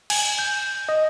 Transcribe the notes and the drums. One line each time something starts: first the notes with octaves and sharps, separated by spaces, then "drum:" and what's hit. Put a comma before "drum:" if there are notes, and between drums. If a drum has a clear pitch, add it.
G#5, drum: cymbal
G6
D#5